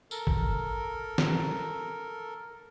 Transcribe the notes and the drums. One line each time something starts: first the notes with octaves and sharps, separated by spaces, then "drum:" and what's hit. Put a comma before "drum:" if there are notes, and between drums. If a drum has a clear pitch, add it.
A4 A#4, drum: tambourine
drum: kick
drum: snare